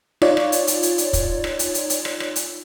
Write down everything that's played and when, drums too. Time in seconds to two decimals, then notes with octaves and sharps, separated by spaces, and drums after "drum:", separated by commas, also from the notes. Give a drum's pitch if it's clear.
0.22 D#4 F4 C#5 D5, drum: rim click
0.37 drum: rim click
0.52 drum: hi-hat
0.67 drum: hi-hat
0.83 drum: hi-hat
0.98 drum: hi-hat
1.13 drum: kick, hi-hat
1.44 drum: rim click
1.59 drum: hi-hat
1.74 drum: hi-hat
1.90 drum: hi-hat
2.05 drum: rim click
2.20 drum: rim click
2.36 drum: hi-hat